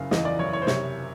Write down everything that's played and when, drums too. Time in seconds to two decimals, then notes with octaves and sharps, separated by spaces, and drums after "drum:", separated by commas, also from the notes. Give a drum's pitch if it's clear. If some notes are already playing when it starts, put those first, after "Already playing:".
Already playing: F#1 C#3 F5
0.11 E2 D#5, drum: snare
0.25 D5
0.39 F#1 C#5
0.53 C#5
0.62 C5
0.67 C3 C#5, drum: snare